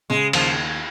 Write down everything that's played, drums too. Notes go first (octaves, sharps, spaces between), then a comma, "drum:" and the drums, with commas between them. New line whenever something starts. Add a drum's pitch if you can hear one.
C#3 G#3
D#2 F3, drum: cymbal